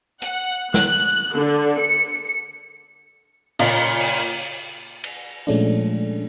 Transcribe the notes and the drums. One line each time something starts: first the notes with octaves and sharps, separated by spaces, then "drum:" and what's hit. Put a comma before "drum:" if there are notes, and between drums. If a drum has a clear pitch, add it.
F#5, drum: hi-hat
F#6, drum: snare
D3
C#7
A#2 C#3 F4 D#5 A#5, drum: cymbal
drum: open hi-hat
drum: cymbal
A#2 F3 G#3 A3 C#4 D4